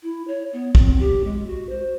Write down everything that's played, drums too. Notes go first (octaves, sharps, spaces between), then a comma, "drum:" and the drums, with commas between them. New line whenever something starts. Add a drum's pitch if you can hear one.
E4
C#5
B3
C4, drum: kick
G4
G#3
F#4
C5